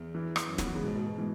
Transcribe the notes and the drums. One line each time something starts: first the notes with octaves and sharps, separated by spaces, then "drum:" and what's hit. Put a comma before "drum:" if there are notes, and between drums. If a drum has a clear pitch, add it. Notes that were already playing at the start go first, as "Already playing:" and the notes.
Already playing: E2
E3
drum: rim click
F#2
B3, drum: snare
E3
C#3
G#2 B2
B2
B2
E3